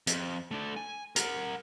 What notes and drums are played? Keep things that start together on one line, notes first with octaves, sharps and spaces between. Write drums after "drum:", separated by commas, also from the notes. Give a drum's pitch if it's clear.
F2, drum: hi-hat
A3 D4
G#5
A#4 F#5, drum: hi-hat